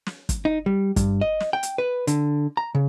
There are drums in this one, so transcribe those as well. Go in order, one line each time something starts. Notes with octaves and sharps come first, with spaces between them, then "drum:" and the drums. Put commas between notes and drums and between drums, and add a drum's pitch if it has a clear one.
drum: snare
drum: kick, hi-hat
D#4
G3
G2, drum: kick, hi-hat
D#5
drum: snare
G5
drum: hi-hat
B4
D3, drum: hi-hat
A#5
C#3